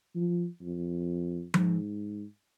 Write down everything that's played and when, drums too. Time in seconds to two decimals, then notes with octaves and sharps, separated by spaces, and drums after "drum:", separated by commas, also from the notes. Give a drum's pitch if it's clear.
0.15 F3
0.62 F2
1.54 G#2, drum: tom F3